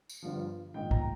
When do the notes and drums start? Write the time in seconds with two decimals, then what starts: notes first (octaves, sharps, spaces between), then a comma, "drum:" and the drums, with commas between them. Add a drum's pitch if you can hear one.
0.09 drum: tambourine
0.22 G1 G2 F3
0.74 A#1 G#2 D#3 G5
0.91 A#5, drum: kick